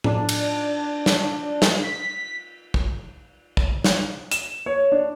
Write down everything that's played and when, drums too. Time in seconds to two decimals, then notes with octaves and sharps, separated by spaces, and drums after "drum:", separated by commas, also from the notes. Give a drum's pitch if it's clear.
0.04 D4, drum: tom A2
0.29 drum: cymbal
1.06 drum: snare
1.62 drum: snare
1.83 B6
2.74 drum: kick
3.57 drum: kick
3.84 drum: snare
4.31 E7, drum: hi-hat
4.66 C#5
4.92 D4